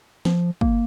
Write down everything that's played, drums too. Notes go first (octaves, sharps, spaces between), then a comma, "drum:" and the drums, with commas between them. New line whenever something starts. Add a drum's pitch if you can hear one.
F3, drum: snare
A#3, drum: kick